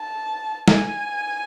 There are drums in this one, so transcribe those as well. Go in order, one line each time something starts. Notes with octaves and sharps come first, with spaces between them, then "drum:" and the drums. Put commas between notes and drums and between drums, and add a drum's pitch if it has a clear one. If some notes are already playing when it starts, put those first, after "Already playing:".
Already playing: A5
G#5, drum: snare